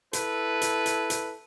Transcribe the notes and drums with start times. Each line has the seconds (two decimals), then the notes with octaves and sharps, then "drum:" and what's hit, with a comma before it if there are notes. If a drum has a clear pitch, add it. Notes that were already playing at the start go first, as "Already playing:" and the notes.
0.13 E4 A4 B4, drum: hi-hat
0.62 drum: hi-hat
0.86 drum: hi-hat
1.10 drum: hi-hat